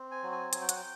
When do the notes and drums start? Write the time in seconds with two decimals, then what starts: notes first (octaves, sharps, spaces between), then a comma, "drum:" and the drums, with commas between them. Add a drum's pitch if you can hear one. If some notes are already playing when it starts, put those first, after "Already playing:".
Already playing: C4
0.11 G#5
0.23 F#3
0.32 G#5
0.53 F#3 G#5, drum: hi-hat
0.61 G5
0.69 F#5, drum: hi-hat
0.76 G5